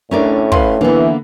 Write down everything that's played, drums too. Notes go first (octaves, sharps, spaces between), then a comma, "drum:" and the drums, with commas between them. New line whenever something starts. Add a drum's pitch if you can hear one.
A2 A3 C#4 D4 A#4 D5
B4 F5 C6, drum: kick
D3 E3 A#3 B3